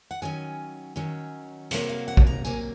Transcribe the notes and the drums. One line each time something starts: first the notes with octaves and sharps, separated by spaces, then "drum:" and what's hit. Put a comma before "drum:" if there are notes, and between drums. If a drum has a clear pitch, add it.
F#5
D#3 F#3 C#4 G#5
D#3 F#3 C#4
C3 F#3 A#3, drum: hi-hat
F5
F#5
drum: kick A#1
A#5
C3 F#3 A#3 G#5, drum: tambourine